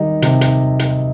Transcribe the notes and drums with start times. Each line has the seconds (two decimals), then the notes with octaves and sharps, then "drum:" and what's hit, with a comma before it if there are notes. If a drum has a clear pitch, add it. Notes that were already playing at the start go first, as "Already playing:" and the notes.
Already playing: D#3 G3 D#4
0.22 C3, drum: hi-hat
0.41 drum: hi-hat
0.79 drum: hi-hat